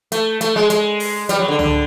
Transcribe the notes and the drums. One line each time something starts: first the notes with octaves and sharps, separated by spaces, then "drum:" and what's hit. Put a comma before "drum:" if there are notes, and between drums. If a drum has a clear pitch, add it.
A3, drum: hi-hat
A3, drum: hi-hat
G#3
G#3, drum: hi-hat
drum: open hi-hat
G3, drum: hi-hat
F#3
D3
D3, drum: tom C#2